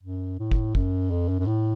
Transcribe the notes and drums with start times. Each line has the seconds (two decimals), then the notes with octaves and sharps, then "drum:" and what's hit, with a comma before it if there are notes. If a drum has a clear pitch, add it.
0.03 F#2
0.39 A2
0.51 drum: kick
0.75 F#2, drum: kick
1.11 F2
1.29 F#2
1.39 F#2
1.46 A2